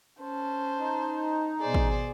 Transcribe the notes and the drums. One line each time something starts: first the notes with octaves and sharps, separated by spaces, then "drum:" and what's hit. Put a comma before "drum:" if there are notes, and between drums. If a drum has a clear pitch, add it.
C#4 C5 A5
D#4
B2 G#4 C5 D5
drum: kick